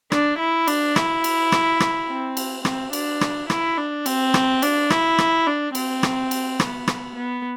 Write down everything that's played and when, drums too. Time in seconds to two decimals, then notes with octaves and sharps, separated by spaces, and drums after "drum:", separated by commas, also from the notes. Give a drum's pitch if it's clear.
0.12 D4, drum: rim click
0.39 E4
0.68 D4, drum: cymbal
0.96 E4, drum: rim click
1.24 drum: cymbal
1.52 drum: rim click
1.80 drum: rim click
2.08 C4
2.37 drum: cymbal
2.65 C4, drum: rim click
2.93 D4, drum: cymbal
3.21 drum: rim click
3.50 E4, drum: rim click
3.78 D4
4.06 C4, drum: cymbal
4.34 drum: rim click
4.62 D4, drum: cymbal
4.90 E4, drum: rim click
5.18 drum: rim click
5.47 D4
5.75 C4, drum: cymbal
6.03 drum: rim click
6.31 drum: cymbal
6.60 B3, drum: rim click
6.88 drum: rim click
7.16 B3